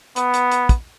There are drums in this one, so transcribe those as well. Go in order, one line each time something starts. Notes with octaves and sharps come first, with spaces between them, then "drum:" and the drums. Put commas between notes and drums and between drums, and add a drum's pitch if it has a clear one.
B3, drum: hi-hat
drum: hi-hat
drum: hi-hat
drum: kick, hi-hat